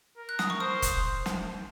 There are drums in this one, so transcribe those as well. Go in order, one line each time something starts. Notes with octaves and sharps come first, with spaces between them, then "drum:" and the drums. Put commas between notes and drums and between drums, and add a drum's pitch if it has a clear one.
A#4
F#6
D#6, drum: snare
C#6
C5 D#6
drum: kick E1, hi-hat
drum: snare